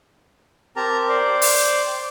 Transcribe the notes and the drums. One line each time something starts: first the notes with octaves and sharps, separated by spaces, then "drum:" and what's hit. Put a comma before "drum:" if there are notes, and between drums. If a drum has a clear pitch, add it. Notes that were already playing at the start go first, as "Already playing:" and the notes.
C4 G4 A#4 A5 A#5
C5 D5
D6, drum: open hi-hat
G5